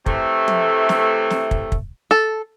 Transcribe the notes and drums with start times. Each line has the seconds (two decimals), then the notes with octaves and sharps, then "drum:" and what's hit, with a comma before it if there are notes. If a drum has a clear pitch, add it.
0.06 C3 E3 A3, drum: kick
0.48 drum: tom
0.89 drum: snare
1.30 drum: snare
1.51 drum: kick
1.72 drum: kick
2.11 A4